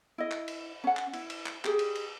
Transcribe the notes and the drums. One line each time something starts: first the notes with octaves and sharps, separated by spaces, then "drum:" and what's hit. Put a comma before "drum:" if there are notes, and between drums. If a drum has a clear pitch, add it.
E4 D#5
drum: clap
drum: cymbal
C#4 F#5
drum: clap
E4, drum: cymbal
drum: cymbal
drum: clap
G4 G#4, drum: clap
drum: cymbal
drum: cymbal